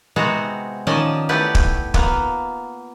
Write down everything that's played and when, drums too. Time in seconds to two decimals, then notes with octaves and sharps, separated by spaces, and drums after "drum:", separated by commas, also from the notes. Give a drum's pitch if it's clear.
0.16 C3 G#3 B3 C4 F#4 A#5
0.87 D#3 F3 C#4 D5 D#5 A5
1.29 A3 B3 E4 G4 B4 D5
1.55 drum: kick
1.94 A#3 B3 F4, drum: kick